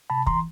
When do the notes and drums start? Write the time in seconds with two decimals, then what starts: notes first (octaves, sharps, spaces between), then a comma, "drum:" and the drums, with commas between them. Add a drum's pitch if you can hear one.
0.10 C3 A5 B5
0.27 E3 A#5 C6, drum: kick